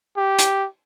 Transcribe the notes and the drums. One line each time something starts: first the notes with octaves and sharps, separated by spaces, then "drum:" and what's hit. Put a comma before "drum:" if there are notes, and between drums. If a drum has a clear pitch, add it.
G4
drum: hi-hat